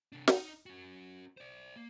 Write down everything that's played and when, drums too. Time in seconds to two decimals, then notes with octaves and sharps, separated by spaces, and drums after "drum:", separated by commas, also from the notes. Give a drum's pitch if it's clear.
0.12 C3 D4
0.28 D#4 D#5, drum: snare
0.66 C#4 F#4
1.37 C5 D5
1.76 A#3